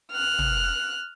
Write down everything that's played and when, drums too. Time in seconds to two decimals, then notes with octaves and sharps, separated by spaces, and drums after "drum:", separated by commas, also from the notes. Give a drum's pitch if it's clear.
0.12 F6 F#6
0.39 drum: tom